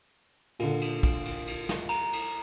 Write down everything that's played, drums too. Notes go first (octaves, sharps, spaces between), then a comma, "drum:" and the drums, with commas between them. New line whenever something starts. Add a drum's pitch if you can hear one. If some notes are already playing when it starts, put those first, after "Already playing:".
A#2 D3, drum: cymbal
drum: cymbal
drum: kick, cymbal
drum: cymbal
drum: cymbal
drum: snare
A#5, drum: cymbal
drum: cymbal